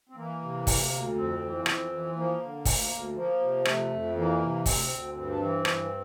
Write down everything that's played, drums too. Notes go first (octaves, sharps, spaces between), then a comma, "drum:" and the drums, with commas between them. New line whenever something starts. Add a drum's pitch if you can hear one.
C4
E3 A#3
C3
D2, drum: kick, open hi-hat
D2
F2 C4
E3
A#3
F2 C4, drum: rim click
E3
F3 A#3
D3
D2, drum: kick, open hi-hat
D2
F3 A#3
C3
F2 A3, drum: rim click
F2
E3 A#3
C3
D2 C4, drum: kick, open hi-hat
D2
G2 C4
D4
E3 C4
G2, drum: rim click